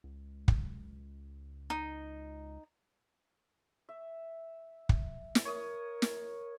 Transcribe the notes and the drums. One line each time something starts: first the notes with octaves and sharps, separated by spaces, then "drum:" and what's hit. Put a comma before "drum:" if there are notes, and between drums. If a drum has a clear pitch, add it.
C#2
drum: kick
D#4
E5
drum: kick
drum: snare
A#4 C#5 D#6
drum: snare